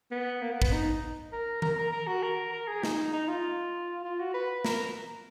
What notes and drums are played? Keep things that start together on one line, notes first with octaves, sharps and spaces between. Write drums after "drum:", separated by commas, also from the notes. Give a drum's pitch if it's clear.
B3
A#3
B3
B3, drum: kick
D#4
A#4
A#4, drum: tom D#3
A#4
A#4
F#4
A#4
A#4
G#4
D#4, drum: snare
D#4
F4
F4
F#4
B4
A#4, drum: snare